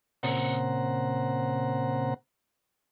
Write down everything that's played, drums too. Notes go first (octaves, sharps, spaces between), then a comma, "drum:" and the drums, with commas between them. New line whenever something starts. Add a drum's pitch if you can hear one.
A#2 C#3 C4 C5 F#5 A#5, drum: open hi-hat